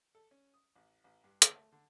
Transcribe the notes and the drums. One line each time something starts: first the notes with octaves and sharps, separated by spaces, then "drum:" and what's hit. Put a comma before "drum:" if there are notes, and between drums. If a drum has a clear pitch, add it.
A4
C#4
D#6
A1
A1
G2
D2, drum: hi-hat
A3
D3